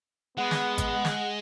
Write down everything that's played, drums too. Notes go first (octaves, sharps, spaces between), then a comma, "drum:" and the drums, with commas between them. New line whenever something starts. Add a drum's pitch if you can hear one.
G#3 B3 F#5
drum: snare
drum: kick, hi-hat
drum: snare